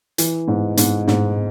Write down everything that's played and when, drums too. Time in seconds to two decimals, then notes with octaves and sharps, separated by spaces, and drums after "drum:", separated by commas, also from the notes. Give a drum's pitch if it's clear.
0.18 E3, drum: hi-hat
0.48 G#2
0.77 G#2, drum: hi-hat
1.08 G#2, drum: snare